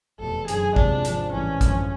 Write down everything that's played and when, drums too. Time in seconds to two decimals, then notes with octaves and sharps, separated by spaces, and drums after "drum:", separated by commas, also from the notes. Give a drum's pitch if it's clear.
0.20 F1 E2 B2 A4
0.48 F#2 D3 F#3 G#4, drum: hi-hat
0.76 E2 C3 F3 G#3 D4, drum: kick
1.05 G#1 G#2 F3, drum: hi-hat
1.33 A1 G#2 E3 G3 C#4
1.61 G#1 F#2 D3 F3, drum: kick, hi-hat